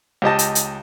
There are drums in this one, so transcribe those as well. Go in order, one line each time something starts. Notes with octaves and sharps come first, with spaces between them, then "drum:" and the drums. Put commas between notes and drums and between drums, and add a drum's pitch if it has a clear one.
C#2 G4 D#5 A5
drum: hi-hat
drum: hi-hat